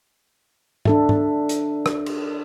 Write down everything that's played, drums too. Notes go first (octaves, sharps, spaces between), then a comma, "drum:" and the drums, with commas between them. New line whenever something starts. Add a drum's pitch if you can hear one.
D4 A4 E5, drum: tom G#2
drum: tom G#2
drum: hi-hat
drum: rim click
drum: cymbal